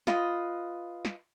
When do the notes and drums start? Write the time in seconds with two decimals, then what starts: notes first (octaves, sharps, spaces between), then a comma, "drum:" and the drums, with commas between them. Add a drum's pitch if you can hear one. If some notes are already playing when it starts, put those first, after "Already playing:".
0.07 F4 B4 D#5, drum: snare
1.05 drum: snare